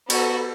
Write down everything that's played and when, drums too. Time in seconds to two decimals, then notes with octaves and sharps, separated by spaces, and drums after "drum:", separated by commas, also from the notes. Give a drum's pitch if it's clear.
0.10 B3 F#4 A4, drum: cymbal